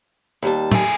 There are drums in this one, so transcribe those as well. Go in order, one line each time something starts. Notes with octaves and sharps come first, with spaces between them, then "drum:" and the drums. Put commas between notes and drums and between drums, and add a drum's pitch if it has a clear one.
D#2 G3 A5
A3 G#4, drum: tom